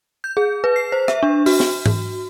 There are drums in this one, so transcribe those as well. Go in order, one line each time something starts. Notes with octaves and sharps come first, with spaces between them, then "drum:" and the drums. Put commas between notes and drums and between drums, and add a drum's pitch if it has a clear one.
G6
G#4
B4
C7
C5
E5, drum: rim click
D4
F#4, drum: open hi-hat
drum: snare
drum: tom G#2